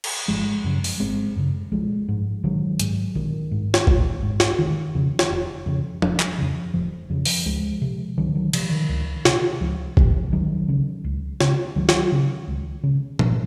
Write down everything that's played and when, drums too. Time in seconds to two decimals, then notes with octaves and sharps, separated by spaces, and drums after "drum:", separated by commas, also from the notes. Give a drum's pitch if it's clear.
0.04 drum: cymbal
0.28 G#1 F3 G#3
0.64 F#2 C#3
0.84 drum: open hi-hat
1.00 G#1 G#3 C4
1.36 F#2 C#3
1.72 A#1 F3 G#3
2.08 G#2
2.43 A#1 D#3 F#3
2.79 G#2, drum: hi-hat
3.15 A#1 D#3
3.51 G#2
3.74 drum: snare
3.87 A#1, drum: kick G#1
4.23 G#2
4.40 drum: snare
4.59 F1 D#3
4.95 F2 C#3
5.19 drum: snare
5.30 F1
5.66 F2 C#3
6.02 F1, drum: tom F3
6.20 drum: clap
6.38 F2 C#3
6.74 F1 F3
7.10 F2 C#3
7.25 drum: open hi-hat
7.46 C#2 F3 G#3
7.82 C3
8.18 C#2 D#3 F#3
8.35 D#3 F#3
8.53 C3 F3, drum: cymbal
8.71 D#3
8.89 C#2
9.25 C3, drum: snare
9.61 C#2 F3
9.97 C3, drum: kick G#1
10.32 C#2 D#3 F#3
10.68 C#3
11.04 C#2
11.40 C#3, drum: snare
11.76 C#2 D#3 F#3
11.89 drum: snare
12.12 C#3
12.48 C#2
12.83 C#3
13.19 G#1 F3, drum: tom A#2